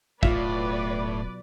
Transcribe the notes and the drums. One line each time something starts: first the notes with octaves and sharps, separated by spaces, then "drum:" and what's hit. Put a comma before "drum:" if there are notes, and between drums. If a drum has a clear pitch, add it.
D#1 B1 A2 F4 B4 D5 E5, drum: kick